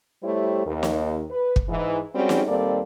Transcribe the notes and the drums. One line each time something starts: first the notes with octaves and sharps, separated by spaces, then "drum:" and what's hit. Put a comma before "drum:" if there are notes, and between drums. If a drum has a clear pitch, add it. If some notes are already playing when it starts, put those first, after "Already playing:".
G3 A3 E4 G4 C5 C#5
D#2
drum: snare
B4
drum: kick
G#2 E3
G3 G#3 C4 C#4 F#4 G#4
drum: snare
D#2 G3 A#3 C4 A4 D5